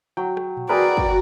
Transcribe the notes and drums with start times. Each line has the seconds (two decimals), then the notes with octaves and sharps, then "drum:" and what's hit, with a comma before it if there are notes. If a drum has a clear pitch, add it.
0.17 F#3 G5
0.37 drum: rim click
0.57 drum: tom A#2
0.69 F#4 G#4 A#4 B4 D5 G5
0.97 drum: kick